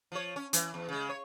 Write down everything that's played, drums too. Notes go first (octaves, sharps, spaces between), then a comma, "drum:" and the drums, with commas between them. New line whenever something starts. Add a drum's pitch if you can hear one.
F3 C#5
C#4
E3, drum: hi-hat
E2
C#3 G#3
C#5